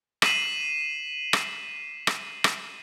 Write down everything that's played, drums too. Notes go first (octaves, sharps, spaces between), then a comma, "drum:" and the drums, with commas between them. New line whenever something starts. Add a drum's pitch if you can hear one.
B6 C7 D#7 E7 F#7, drum: rim click
drum: rim click
drum: rim click
drum: rim click